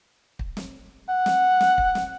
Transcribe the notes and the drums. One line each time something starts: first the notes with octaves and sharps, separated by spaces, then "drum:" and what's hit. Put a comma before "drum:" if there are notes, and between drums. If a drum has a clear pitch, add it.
drum: kick
drum: snare
F#5
drum: snare
drum: snare
drum: kick
drum: snare